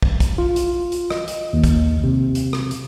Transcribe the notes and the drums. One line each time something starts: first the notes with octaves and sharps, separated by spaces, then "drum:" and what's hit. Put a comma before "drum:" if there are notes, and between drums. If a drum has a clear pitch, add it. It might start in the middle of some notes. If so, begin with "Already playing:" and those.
drum: kick
drum: kick, hi-hat
F4
drum: hi-hat
drum: hi-hat
D#5, drum: rim click
drum: hi-hat
D#2
drum: kick, hi-hat
C3
drum: hi-hat
drum: rim click
drum: hi-hat